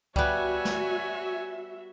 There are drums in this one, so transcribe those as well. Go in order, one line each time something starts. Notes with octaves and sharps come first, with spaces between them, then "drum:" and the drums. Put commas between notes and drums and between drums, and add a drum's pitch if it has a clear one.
G3 B3 F#4 C#5 E5 G#5, drum: kick C#2
drum: snare